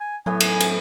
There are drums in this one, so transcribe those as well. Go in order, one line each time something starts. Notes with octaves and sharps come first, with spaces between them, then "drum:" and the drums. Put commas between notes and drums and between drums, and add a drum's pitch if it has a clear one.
G#5
A2 E3 F#3 B3 G#5
drum: cymbal
drum: cymbal